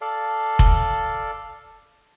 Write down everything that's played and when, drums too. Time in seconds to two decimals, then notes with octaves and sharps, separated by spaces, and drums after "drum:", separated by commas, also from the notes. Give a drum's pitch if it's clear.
0.01 A4 D5 F5
0.59 drum: kick F1